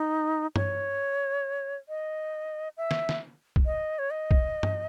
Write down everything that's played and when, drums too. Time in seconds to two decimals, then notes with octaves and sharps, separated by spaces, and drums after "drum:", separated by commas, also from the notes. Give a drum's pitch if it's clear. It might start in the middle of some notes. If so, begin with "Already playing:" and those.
Already playing: D#4
0.56 C#5, drum: tom G2
1.89 D#5
2.77 E5
2.91 drum: snare
3.09 drum: snare
3.56 drum: kick B1
3.66 D#5
3.99 C#5
4.11 D#5
4.31 drum: kick B1
4.63 drum: tom G2